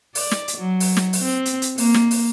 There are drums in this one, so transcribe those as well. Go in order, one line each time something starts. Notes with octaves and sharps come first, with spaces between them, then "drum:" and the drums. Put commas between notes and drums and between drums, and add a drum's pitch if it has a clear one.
D5, drum: open hi-hat
drum: snare
drum: hi-hat
F#3
drum: open hi-hat
drum: snare
drum: open hi-hat
C4
drum: hi-hat
drum: hi-hat
A#3, drum: open hi-hat
drum: snare
drum: open hi-hat